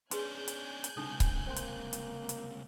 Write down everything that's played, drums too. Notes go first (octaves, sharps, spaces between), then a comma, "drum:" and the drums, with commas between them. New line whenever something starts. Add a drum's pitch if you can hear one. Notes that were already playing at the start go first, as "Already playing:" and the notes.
C#4 D4 G#4 B4 G#5 C6 F#6 G6, drum: hi-hat
drum: hi-hat
drum: hi-hat
C#2 C3 D4 D#4 A4
drum: kick C#1, hi-hat
A#3 C5 G5 C6
drum: hi-hat
drum: hi-hat
drum: hi-hat